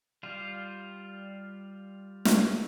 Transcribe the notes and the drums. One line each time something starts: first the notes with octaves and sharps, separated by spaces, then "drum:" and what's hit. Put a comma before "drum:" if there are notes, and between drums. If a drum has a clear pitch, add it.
G3 F4
drum: snare